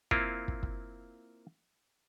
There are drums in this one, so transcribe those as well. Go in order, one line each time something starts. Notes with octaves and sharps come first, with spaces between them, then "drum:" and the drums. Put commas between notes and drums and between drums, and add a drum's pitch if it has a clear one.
A#3 C4 E4 F4, drum: kick
drum: kick
drum: kick